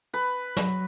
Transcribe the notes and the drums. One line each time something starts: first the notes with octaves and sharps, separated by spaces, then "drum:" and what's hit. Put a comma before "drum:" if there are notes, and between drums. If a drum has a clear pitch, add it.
B4
F#3, drum: snare